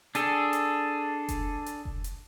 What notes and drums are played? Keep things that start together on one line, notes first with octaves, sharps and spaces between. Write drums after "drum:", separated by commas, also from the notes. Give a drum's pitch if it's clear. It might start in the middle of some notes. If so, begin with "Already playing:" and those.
D4 G#4 A4, drum: hi-hat
drum: hi-hat
drum: kick F1, hi-hat
drum: hi-hat
drum: kick F1
drum: hi-hat